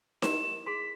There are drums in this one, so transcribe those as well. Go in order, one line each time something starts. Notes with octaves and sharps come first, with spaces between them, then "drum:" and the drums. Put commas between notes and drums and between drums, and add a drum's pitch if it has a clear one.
E4 G4 A#4 E7, drum: snare D#4
G#4 C6 B6